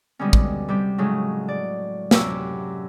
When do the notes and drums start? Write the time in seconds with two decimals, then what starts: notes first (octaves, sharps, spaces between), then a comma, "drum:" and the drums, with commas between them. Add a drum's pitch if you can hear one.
0.19 B2 D3 G3 G#3 C#4
0.33 drum: kick
0.68 C3 G3 G4
0.98 A2 C#3 F#3 G#3
1.48 D5
2.11 F#2 C3 F#3 C#6 D6 E6, drum: snare